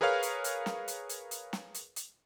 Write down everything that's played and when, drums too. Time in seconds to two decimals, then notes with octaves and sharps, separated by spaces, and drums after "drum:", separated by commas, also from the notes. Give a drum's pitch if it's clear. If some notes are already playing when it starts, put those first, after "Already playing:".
0.01 G#4 A#4 B4 C#5 F5 F6
0.23 drum: hi-hat
0.44 drum: hi-hat
0.66 drum: snare
0.88 drum: hi-hat
1.09 drum: hi-hat
1.31 drum: hi-hat
1.53 drum: snare
1.74 drum: hi-hat
1.96 drum: hi-hat